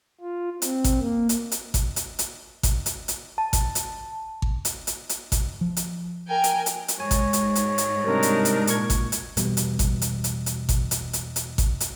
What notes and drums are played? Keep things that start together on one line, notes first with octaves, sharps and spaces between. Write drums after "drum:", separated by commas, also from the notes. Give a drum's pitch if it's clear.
F4
C4, drum: hi-hat
drum: kick G#1, hi-hat
A#3
drum: hi-hat
drum: hi-hat
drum: kick G#1, hi-hat
drum: hi-hat
drum: hi-hat
drum: kick G#1, hi-hat
drum: hi-hat
drum: hi-hat
A5
drum: kick G#1, hi-hat
drum: hi-hat
drum: kick G#1
drum: hi-hat
drum: hi-hat
drum: hi-hat
drum: kick G#1, hi-hat
F3
drum: hi-hat
A#4 G5 G#5
drum: hi-hat
drum: hi-hat
drum: hi-hat
G#2 C#5 G#5
drum: kick G#1, hi-hat
drum: hi-hat
drum: hi-hat
drum: hi-hat
C3 G3 D4 D#4 A#4
drum: hi-hat
drum: hi-hat
A#2 C#6 G#6, drum: hi-hat
drum: kick G#1, hi-hat
drum: hi-hat
E2 B2 G3, drum: hi-hat
drum: hi-hat
drum: kick G#1, hi-hat
drum: hi-hat
drum: hi-hat
drum: hi-hat
drum: kick G#1, hi-hat
drum: hi-hat
drum: hi-hat
drum: hi-hat
drum: kick G#1, hi-hat
drum: hi-hat